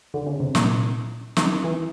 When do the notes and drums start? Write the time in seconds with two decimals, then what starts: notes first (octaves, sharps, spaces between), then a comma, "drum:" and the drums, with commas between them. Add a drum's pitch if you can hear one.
0.14 D3
0.27 C#3
0.40 C3
0.55 A#2, drum: snare
1.37 D#3, drum: snare
1.64 E3